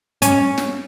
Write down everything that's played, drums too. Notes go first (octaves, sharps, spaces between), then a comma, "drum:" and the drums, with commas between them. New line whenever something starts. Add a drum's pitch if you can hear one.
C#4, drum: hi-hat
drum: snare